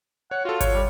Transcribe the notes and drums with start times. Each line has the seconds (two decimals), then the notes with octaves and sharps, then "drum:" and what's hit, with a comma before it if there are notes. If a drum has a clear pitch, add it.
0.31 C#5 F#5
0.45 F4 F#4 A4
0.61 C#5, drum: kick G#1, hi-hat
0.74 G3